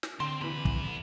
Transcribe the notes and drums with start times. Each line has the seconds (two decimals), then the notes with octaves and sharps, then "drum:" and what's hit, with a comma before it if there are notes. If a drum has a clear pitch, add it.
0.03 drum: snare
0.20 D3 C4 C6
0.41 E2 C3 E3 B5
0.65 drum: kick